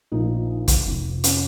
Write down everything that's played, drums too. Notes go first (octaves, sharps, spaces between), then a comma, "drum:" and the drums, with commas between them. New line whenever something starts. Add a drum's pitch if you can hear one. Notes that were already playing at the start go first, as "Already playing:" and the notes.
A#1 A#2 F3 D#4
drum: kick, hi-hat
F1 F2 F3
C#4, drum: hi-hat